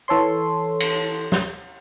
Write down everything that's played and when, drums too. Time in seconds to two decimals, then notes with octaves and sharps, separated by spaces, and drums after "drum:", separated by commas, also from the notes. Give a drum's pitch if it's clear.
0.08 E3 A4 C#5 C6
0.80 drum: cymbal
1.32 drum: snare